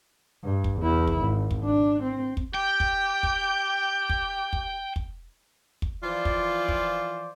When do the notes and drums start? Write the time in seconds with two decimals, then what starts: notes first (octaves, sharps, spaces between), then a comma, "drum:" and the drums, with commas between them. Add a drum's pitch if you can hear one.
0.43 G2
0.64 drum: kick
0.80 E2 E4
1.07 drum: kick
1.19 G#1
1.51 drum: kick
1.65 D4
2.03 C4
2.37 drum: kick
2.54 G4 G5
2.80 drum: kick
3.23 drum: kick
4.10 drum: kick
4.53 drum: kick
4.96 drum: kick
5.82 drum: kick
6.03 E3 F3 F4 C5 D5
6.25 drum: kick
6.68 drum: kick